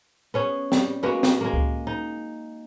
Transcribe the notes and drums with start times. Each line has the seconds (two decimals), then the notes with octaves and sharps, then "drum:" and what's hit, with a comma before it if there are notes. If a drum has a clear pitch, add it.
0.34 B3 C#4 G#4
0.72 G3, drum: snare C4
1.03 G#3 A#3 B3 F#4
1.23 drum: snare C4
1.41 G#3 A#3
1.53 drum: kick C#2
1.87 D#4